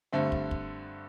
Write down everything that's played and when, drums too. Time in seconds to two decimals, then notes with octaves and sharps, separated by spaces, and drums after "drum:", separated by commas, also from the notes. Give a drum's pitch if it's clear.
0.13 G2 D3 A3 C4
0.32 drum: kick
0.51 drum: kick